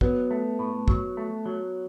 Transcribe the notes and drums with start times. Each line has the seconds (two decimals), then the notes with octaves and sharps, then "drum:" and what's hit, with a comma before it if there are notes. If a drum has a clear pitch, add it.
0.01 F#3 B3, drum: kick
0.31 A3
0.59 A2
0.88 F#3, drum: kick
1.17 A3
1.46 F#3